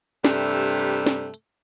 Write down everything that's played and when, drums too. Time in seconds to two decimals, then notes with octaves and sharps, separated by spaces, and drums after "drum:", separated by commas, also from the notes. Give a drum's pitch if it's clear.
0.25 G2 C3 G3 A3, drum: snare
0.79 drum: hi-hat
1.06 drum: snare
1.34 drum: hi-hat